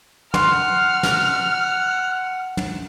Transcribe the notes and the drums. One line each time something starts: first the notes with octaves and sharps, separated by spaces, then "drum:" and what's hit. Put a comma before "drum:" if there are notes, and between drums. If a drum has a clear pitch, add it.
F#5 C6 F6, drum: tom
drum: snare
drum: tom